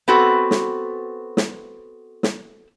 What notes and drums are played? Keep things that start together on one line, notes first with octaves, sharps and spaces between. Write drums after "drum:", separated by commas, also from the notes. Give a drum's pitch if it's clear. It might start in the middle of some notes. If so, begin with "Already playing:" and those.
B3 C4 F#4 A4 B4
drum: snare
drum: snare
drum: snare